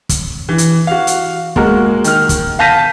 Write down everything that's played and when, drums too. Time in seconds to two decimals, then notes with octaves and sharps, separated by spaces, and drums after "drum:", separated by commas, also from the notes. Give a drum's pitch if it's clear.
0.09 drum: kick, hi-hat
0.49 E3
0.58 drum: hi-hat
0.87 F#4 F5
1.07 drum: hi-hat
1.56 G#3 A#3 F#4 A#4, drum: kick
2.04 D#3 F6, drum: hi-hat
2.29 drum: kick, hi-hat
2.59 F5 A5 G6 A#6 B6 D#7